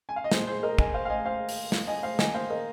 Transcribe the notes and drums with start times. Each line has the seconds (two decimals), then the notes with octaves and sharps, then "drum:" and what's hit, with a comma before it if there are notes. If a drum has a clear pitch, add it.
0.09 G#5
0.16 F5
0.24 D#5
0.31 A#2 G#3 G#4 C5, drum: snare
0.47 G#4 C5
0.63 A#4 D#5
0.79 D#5 G#5, drum: kick
0.94 C5 F5
1.05 F5
1.10 D#5 G#5
1.25 C5 F5
1.49 drum: open hi-hat
1.72 drum: snare
1.87 D#5 G#5
2.03 C5 F5
2.19 D#3 A#3 D#5 G#5, drum: snare
2.34 C5 F5
2.50 A#4 D#5